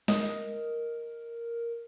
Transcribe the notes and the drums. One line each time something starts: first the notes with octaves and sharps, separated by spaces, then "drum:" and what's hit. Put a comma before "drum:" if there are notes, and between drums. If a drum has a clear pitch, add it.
A#4 D#5, drum: snare G#3